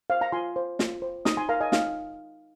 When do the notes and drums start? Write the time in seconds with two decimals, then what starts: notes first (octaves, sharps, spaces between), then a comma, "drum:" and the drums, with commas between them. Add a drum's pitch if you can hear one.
0.10 C5 F5
0.21 F5 A#5
0.32 F4 G#5 C6
0.56 C5
0.79 F4, drum: snare
1.02 C5
1.25 D#4 A#5 D#6, drum: snare
1.37 G#5 C6
1.49 A#4 F5 A#5
1.61 D#5 G#5
1.72 D#4 F5, drum: snare